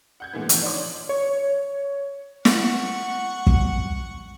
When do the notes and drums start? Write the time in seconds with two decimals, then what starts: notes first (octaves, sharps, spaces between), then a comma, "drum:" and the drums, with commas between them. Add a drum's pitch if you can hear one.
0.20 F#5 G6 G#6
0.33 A2 D3 E3 G#3 A#3 B3
0.49 F3 F#5 C#6, drum: hi-hat
0.62 D4 D#4 C#5 C6 D6
0.76 F#7
1.09 C#5
2.45 F#5 C#6, drum: snare
3.47 drum: kick